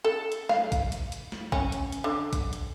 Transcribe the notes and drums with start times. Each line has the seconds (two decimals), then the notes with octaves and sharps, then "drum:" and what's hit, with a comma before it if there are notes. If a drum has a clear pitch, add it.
0.04 A4
0.32 drum: hi-hat
0.49 F5, drum: snare
0.72 drum: kick, hi-hat
0.92 drum: hi-hat
1.12 drum: hi-hat
1.32 drum: snare
1.52 C#4, drum: kick
1.72 drum: hi-hat
1.92 drum: hi-hat
2.04 D3
2.33 drum: kick, hi-hat
2.53 drum: hi-hat